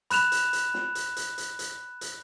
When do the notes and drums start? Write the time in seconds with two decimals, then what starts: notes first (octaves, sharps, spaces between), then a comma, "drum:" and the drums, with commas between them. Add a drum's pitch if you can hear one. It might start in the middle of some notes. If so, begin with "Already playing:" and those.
0.10 B5 F#6 E7 F7, drum: hi-hat
0.32 drum: hi-hat
0.53 drum: hi-hat
0.74 drum: snare
0.95 drum: hi-hat
1.16 drum: hi-hat
1.38 drum: hi-hat
1.59 drum: hi-hat
2.01 drum: hi-hat